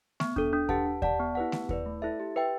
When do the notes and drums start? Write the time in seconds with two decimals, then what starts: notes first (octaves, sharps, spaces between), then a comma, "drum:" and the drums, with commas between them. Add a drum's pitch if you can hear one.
0.20 B3, drum: snare A3
0.36 D4 A4, drum: kick D#2
0.53 D4
0.69 G4 B4 F#5 A5, drum: kick D#2
0.86 G4
1.02 D5 F#5 A5, drum: kick D#2
1.20 B3
1.35 E4 G4 B4 F#5
1.52 B3, drum: snare A3
1.69 E4 B4 D5, drum: kick D#2
1.86 A3
2.02 E4 A4 E5
2.20 G4
2.36 B4 E5 G5